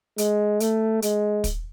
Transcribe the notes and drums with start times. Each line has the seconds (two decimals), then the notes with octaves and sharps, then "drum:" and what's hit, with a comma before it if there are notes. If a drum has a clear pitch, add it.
0.18 G#3, drum: hi-hat
0.60 A3, drum: hi-hat
1.02 G#3, drum: hi-hat
1.44 drum: kick, hi-hat